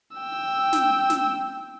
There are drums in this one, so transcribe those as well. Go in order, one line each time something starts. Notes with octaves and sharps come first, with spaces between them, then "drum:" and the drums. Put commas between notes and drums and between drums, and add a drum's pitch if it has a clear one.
G5 E6
drum: snare
drum: snare